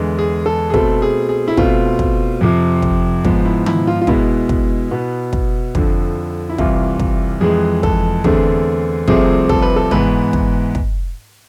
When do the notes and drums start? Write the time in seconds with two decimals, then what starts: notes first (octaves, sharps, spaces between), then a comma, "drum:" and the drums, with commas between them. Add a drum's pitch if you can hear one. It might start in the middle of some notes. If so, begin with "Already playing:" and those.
Already playing: E2 D3 G#3
0.19 G#4
0.46 A4
0.70 G#4
0.74 B2 A3 C4 A4, drum: kick
1.02 G#4
1.29 G#4
1.48 E4
1.57 B2 A3 C4 F4, drum: kick
1.99 drum: kick
2.41 F2 C3 F3
2.82 drum: kick
3.25 G#2 F3 B3, drum: kick
3.45 E4
3.66 E4, drum: tom D#3
3.87 F4
4.02 F4
4.07 B2 G#3 B3 E4, drum: kick
4.49 drum: kick
4.91 B2 B3
5.33 drum: kick
5.75 F2 D3 F3, drum: kick
6.49 E4
6.58 C2 C3 E3 F4, drum: kick
7.00 drum: kick
7.41 F2 E3 G#3 G#4
7.83 A4, drum: kick
8.24 E2 D3 A3 C4 G#4, drum: kick
9.08 C2 C3 F3 A3 C4 G#4, drum: kick
9.49 A4, drum: kick
9.62 B4
9.76 A4
9.91 G#2 E3 B3 B4, drum: tom
10.33 drum: kick
10.75 drum: kick